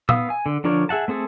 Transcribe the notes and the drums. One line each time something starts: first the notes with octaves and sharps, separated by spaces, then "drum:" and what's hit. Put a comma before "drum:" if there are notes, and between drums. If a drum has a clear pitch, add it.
B3 F5 D#6 E6, drum: tom A#2
G#5
D3
D3 F3 D4 A#4 C#5
G#4 E5 F#5 A5
A3 C4 G#4 A4